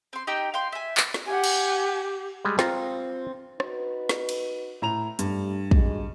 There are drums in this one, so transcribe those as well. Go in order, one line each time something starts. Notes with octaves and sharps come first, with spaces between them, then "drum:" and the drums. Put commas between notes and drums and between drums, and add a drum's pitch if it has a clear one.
C4 C6
D#4 G4 G5 E6
F5 G5 C6
E5 G#5
drum: clap
drum: snare
G4 F#5 G#5
drum: cymbal
G3 G#3
C4 F4 A#5, drum: snare
D#4 F#4 B4, drum: rim click
drum: snare
drum: cymbal
A2 A#5 F7
G2 G3 A3 D4, drum: hi-hat
G#3 F#4, drum: kick